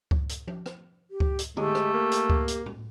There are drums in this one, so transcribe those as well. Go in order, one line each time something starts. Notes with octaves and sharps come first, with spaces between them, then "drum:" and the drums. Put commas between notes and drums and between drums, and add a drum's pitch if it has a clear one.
drum: kick C#2
drum: hi-hat
drum: tom F3
drum: rim click
G4
drum: kick C#2
drum: hi-hat
G#3 A3 G4, drum: tom
drum: rim click
A#3
drum: hi-hat
drum: kick C#2
drum: hi-hat
drum: tom A2